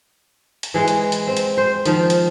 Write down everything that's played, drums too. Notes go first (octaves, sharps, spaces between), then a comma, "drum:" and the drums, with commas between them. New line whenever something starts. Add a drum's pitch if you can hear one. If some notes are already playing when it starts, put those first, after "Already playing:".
drum: hi-hat
E3 G#3
drum: hi-hat
drum: hi-hat
C4
drum: hi-hat
C5
D#3 F3, drum: hi-hat
drum: hi-hat